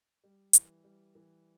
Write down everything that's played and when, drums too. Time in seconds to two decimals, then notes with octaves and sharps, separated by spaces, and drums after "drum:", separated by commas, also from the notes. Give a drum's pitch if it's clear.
0.24 G3
0.53 E3, drum: hi-hat
0.84 G3
1.15 E3